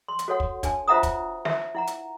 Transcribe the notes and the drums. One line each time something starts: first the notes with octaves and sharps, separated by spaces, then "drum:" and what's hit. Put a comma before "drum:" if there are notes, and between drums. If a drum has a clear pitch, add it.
C6
drum: hi-hat
F#4 A4 C#5 F#5
drum: kick
D4 G#5 A5, drum: kick, hi-hat
F4 C5 E5 F#5 A#5 D#6
drum: kick, hi-hat
E5 A5, drum: snare
E4 F#5 A#5
drum: hi-hat